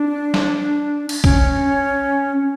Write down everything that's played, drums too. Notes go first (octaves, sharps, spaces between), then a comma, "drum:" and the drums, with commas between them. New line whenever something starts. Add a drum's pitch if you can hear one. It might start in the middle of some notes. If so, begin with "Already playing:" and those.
Already playing: D4
drum: snare
drum: cymbal
C#4, drum: kick